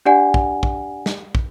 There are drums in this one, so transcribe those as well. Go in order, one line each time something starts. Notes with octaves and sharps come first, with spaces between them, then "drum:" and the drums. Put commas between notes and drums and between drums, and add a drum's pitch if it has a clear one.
D4 G4 D5 F#5 G#5
drum: kick
drum: kick
drum: snare
drum: kick